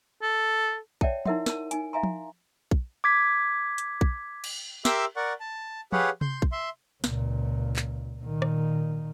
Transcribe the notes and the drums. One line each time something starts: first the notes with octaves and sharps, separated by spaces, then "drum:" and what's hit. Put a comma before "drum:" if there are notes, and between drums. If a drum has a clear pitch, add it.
A4
C#5 D5 E5 F#5 G5 A5, drum: kick A#1
D#4 E4 A#4 E5 F#5 C6, drum: tom F3
A#4 A5, drum: snare
D#4 G#5, drum: hi-hat
E5 F5 G#5 A#5 C6
drum: tom F3
drum: kick A#1
D6 G#6 B6
drum: hi-hat
drum: kick A#1
drum: cymbal
G4 A#4 E5 C6 D6 E6, drum: snare
A#4 D5 F#5 C#6
A5
G4 G#4 B4 C#5 F5 F#5, drum: tom F3
C6 G6, drum: tom C3
drum: kick A#1
E5 C6
C#2 A#2, drum: snare
drum: clap
A#2 D#3
drum: rim click